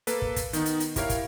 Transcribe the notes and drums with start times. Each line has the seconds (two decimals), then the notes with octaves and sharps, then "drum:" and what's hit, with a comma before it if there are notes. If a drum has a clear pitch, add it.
0.07 A#3 A4 B4, drum: hi-hat
0.22 drum: kick
0.36 drum: kick, hi-hat
0.53 D#3 B3 D#4, drum: hi-hat
0.66 drum: hi-hat
0.80 drum: hi-hat
0.96 E4 G4 A#4 C#5 F5, drum: kick, hi-hat
1.10 drum: kick, hi-hat